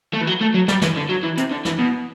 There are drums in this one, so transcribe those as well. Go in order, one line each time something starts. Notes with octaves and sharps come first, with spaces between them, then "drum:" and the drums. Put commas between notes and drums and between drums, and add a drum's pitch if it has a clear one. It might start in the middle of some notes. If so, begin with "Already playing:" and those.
A3
E3
F#3
A3
F#3
G3, drum: snare
E3, drum: snare
D3
F#3
E3
C3, drum: hi-hat
D3
E3, drum: snare
B2